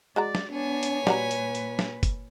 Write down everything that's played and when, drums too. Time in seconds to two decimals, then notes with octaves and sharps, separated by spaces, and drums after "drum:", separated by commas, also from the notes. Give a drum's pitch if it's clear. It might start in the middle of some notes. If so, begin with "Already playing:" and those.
0.16 G#3 F#4 D5 A#5
0.35 drum: snare
0.52 B3 D4 C#5 G#5
0.83 drum: hi-hat
1.07 A#2 G3 F#4 B4 A#5, drum: snare
1.31 drum: hi-hat
1.55 drum: hi-hat
1.79 drum: snare
2.03 drum: kick F#1, hi-hat